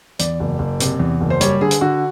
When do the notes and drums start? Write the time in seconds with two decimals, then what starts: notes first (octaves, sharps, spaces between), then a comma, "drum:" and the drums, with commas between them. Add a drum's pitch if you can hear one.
0.19 E2 D5, drum: hi-hat
0.40 F#1
0.59 F#1
0.80 C3, drum: hi-hat
0.99 E2
1.21 F#1
1.30 C5
1.41 G3 C#5, drum: hi-hat
1.61 D3 G#4
1.71 drum: hi-hat
1.81 D3 F#4